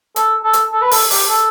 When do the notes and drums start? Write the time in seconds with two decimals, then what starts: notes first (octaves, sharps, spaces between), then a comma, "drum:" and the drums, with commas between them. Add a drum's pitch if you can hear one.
0.16 A4, drum: hi-hat
0.44 A4
0.53 drum: hi-hat
0.72 A4
0.82 B4
0.91 A4, drum: open hi-hat
1.11 G4, drum: open hi-hat
1.29 A4